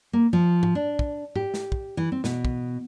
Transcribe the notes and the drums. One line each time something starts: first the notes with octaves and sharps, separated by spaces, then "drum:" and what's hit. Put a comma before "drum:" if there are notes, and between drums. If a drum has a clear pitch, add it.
A#3
F3
drum: tom G#2
D4
drum: kick
G4, drum: tom G#2
drum: snare
drum: kick
E3
C4
B2, drum: snare
drum: kick